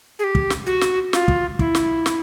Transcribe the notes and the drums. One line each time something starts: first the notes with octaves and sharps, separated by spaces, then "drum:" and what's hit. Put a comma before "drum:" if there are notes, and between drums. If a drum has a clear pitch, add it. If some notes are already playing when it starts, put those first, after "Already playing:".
G#4
G4
drum: kick
drum: snare
F#4
drum: snare
F4, drum: snare
drum: kick
E4, drum: kick
drum: snare
drum: snare